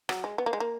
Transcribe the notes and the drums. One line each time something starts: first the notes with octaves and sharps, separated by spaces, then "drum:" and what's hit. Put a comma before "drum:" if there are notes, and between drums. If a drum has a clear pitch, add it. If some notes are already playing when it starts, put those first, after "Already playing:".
F#3, drum: rim click
G#3
B3
A#3
G#3
A#3